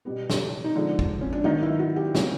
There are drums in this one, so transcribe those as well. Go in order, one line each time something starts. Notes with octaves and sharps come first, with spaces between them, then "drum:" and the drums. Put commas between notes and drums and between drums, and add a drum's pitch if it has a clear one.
B2 G3 B3
drum: snare
D#4
D3 F3 G#3 D4
drum: kick
C#4
D4
D#3 F#3 B3 D#4
E4
F#4
G4
C#3 F#3 B3 G#4, drum: snare